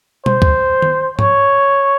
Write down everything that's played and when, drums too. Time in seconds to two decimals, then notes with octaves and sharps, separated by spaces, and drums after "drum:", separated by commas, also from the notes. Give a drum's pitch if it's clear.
0.26 C5, drum: tom B2
0.42 drum: kick
0.82 drum: tom D#3
1.19 C#5, drum: tom G#2